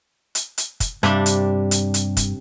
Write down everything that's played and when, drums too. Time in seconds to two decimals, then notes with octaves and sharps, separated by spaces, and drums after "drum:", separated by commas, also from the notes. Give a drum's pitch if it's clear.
0.35 drum: hi-hat
0.58 drum: hi-hat
0.80 drum: kick, hi-hat
1.03 G2 C3 G3 D4, drum: rim click
1.26 drum: hi-hat
1.71 drum: hi-hat
1.94 drum: hi-hat
2.17 drum: kick, hi-hat